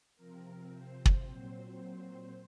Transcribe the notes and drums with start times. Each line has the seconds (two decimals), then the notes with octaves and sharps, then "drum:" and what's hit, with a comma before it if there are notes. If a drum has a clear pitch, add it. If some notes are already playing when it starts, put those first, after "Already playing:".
0.15 C3 F3 C4 A#4
0.70 C5
1.05 drum: kick
1.23 A#2 F#3 C4